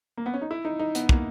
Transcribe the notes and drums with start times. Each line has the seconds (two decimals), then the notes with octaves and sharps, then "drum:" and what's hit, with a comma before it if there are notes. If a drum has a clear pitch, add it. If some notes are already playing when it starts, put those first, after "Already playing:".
0.17 A#3
0.26 B3
0.34 C#4
0.41 D#4
0.51 E4
0.65 D#4
0.79 D#4
0.95 B3, drum: hi-hat
1.09 A#3, drum: kick